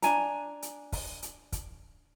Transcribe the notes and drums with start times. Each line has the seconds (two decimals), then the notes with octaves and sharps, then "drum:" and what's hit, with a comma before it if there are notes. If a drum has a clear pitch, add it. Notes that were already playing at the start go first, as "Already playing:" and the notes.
0.02 D4 G#5 A#5, drum: hi-hat
0.62 drum: hi-hat
0.92 drum: kick, open hi-hat
1.22 drum: hi-hat
1.52 drum: kick, hi-hat